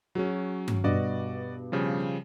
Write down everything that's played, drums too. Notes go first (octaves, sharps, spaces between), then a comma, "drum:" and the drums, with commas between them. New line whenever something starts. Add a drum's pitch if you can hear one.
F#3 C#4 F#4 G#4
drum: tom G2
G2 B2 F#4 D5 D#5
C#3 F3 G3